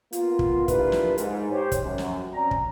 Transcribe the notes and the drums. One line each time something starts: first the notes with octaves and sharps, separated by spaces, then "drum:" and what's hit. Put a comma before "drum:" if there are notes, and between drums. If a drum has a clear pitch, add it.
A#3 B3 F4, drum: hi-hat
drum: kick
D4 E4 F4 G4 A#4 B4, drum: kick, hi-hat
drum: snare
G#2, drum: hi-hat
G4 C5 C#5
drum: kick, hi-hat
F#2
drum: snare
C4 C#4 D5 A#5
drum: kick